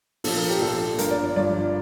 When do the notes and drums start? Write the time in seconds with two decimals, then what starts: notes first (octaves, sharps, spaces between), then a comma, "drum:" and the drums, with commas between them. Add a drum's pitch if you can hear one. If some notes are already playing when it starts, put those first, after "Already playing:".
0.24 A#1 A#2 F3 A4, drum: open hi-hat
0.37 A#4
0.49 G4
0.62 A#1 A#2 F3 A4
0.99 G1 G2 F3 A#4, drum: hi-hat
1.11 D5
1.24 D5
1.36 G1 G2 F3 D5